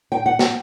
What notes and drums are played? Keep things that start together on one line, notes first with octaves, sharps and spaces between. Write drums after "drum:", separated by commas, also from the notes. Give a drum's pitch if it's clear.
G5
F#5
G5, drum: snare